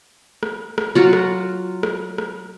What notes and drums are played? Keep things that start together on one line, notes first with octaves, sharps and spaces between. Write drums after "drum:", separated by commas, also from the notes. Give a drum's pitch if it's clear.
drum: rim click
drum: rim click
F#3 F4 F#4
drum: rim click
drum: rim click
drum: rim click